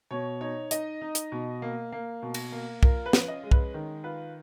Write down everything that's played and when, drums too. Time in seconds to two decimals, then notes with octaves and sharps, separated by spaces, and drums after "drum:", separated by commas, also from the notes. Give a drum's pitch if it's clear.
0.11 B2 C#5
0.41 D#4 C#5
0.71 D#4 D#5, drum: hi-hat
1.01 D#4
1.15 drum: hi-hat
1.32 B2
1.62 A#3
1.92 A#3
2.22 B2
2.34 drum: cymbal
2.52 A#3
2.83 F4 A#4, drum: kick
3.06 B4
3.13 C#4, drum: snare
3.28 D#5
3.43 G#3
3.51 B4, drum: kick
3.74 D#3
4.04 F4 B4